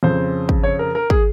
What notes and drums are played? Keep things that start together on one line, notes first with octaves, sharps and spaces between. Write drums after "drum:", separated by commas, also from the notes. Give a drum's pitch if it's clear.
F2 C#3 C5
drum: kick
C#5
A#4
A#4
G#4, drum: kick